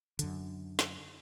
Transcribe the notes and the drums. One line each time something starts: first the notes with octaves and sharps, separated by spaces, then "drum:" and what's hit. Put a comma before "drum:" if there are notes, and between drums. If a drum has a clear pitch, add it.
F#2 D3, drum: hi-hat
drum: snare